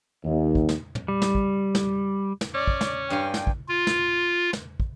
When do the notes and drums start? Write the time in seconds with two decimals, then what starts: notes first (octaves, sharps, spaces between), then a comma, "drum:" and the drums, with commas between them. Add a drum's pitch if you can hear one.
0.24 D#2
0.55 drum: kick
0.69 drum: snare
0.95 drum: tom
1.08 G3
1.22 drum: snare
1.35 drum: kick
1.75 drum: snare
2.41 drum: snare
2.54 C#4 D5
2.67 drum: kick
2.81 drum: snare
3.10 G2 F5 G5 G#5
3.34 drum: snare
3.47 drum: kick
3.69 F4
3.87 drum: snare
4.53 drum: snare
4.80 drum: kick